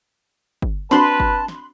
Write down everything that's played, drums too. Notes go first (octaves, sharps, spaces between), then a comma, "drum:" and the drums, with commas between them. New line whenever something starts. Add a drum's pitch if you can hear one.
drum: kick G1
C4 D4 F#4 B4 A5 B5 C6 F#6, drum: snare
drum: kick G1
drum: snare